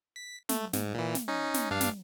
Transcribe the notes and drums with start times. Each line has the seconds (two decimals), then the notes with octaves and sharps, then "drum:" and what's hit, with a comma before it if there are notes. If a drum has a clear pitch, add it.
0.16 B6
0.49 A3, drum: snare
0.73 G#2, drum: snare
0.94 A#2 E3
1.15 drum: snare
1.28 C#4 D#4
1.54 drum: snare
1.71 G2 D4 F5
1.81 drum: snare